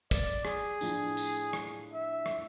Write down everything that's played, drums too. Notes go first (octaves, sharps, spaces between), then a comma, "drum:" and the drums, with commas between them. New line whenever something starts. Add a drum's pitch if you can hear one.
D5, drum: kick, tambourine
G#4, drum: rim click
A2 F3 D4, drum: tambourine
drum: tambourine
drum: rim click
E5
drum: rim click